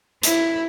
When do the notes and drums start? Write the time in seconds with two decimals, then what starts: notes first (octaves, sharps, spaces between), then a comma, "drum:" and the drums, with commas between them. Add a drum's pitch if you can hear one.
0.23 E4, drum: hi-hat